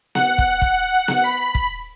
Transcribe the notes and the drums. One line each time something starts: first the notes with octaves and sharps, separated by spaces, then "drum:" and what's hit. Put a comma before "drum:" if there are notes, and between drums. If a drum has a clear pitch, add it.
F#5, drum: snare B3
drum: kick
drum: kick
drum: snare B3
B5
drum: kick